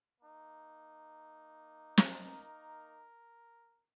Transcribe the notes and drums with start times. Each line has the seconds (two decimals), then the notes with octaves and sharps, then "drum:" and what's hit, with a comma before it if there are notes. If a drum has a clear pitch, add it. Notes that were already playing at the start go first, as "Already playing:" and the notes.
0.19 A#3 D#4
1.98 A#4, drum: snare